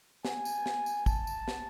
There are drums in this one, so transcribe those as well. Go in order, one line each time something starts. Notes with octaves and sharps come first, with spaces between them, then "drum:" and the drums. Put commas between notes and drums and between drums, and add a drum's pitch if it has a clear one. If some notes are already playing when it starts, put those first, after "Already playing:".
G#5, drum: snare
drum: tambourine
drum: snare
drum: tambourine
A5, drum: kick, tambourine
drum: tambourine
drum: snare